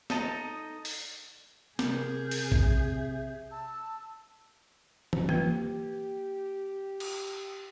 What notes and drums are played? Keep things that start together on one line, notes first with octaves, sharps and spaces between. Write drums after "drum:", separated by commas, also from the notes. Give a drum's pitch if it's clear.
D#4 A4 D#5 A#5, drum: snare
drum: open hi-hat
C3 G#4 A#4 G6, drum: snare
drum: open hi-hat
E5, drum: kick A#1
A5 E6
drum: tom
A#3 G4 B4, drum: tom E3
drum: cymbal